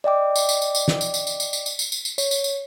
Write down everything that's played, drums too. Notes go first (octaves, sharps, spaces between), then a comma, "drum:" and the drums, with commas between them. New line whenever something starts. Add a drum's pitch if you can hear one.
D5 D#5 G5 D6
drum: tambourine
drum: tambourine
drum: tambourine
drum: tambourine
drum: snare
drum: tambourine
drum: tambourine
drum: tambourine
drum: tambourine
drum: tambourine
drum: tambourine
drum: tambourine
drum: tambourine
drum: tambourine
C#5, drum: tambourine
drum: tambourine
drum: tambourine